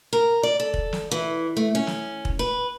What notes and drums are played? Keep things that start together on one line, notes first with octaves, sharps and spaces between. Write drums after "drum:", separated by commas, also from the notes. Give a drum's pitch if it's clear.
A#4
D5
A4
drum: kick
drum: snare
E3
A3
C#4
drum: snare
drum: kick
B4